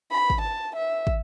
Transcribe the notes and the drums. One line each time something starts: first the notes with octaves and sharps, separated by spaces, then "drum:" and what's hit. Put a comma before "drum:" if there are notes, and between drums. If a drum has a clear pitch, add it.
B5
drum: kick
A5
E5
drum: kick